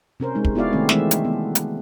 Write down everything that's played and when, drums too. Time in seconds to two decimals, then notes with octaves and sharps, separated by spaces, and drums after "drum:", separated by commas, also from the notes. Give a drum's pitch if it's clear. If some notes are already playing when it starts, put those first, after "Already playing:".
0.20 C3 C#4 A#4 C5
0.35 G#3 D#4
0.45 drum: kick
0.55 B3 E4 F#4 D5 F5
0.73 C3 D#3 A3 C4 C#4 G#4
0.89 E3 G#3 A3 C4 E5, drum: snare
1.11 drum: hi-hat
1.25 B3
1.55 drum: hi-hat